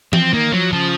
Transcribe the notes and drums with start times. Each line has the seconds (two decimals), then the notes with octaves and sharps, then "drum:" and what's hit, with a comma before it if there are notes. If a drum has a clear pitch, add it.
0.13 F3 C4, drum: tom E3
0.33 D#3 A#3
0.52 F3 F#3
0.72 C#3 F3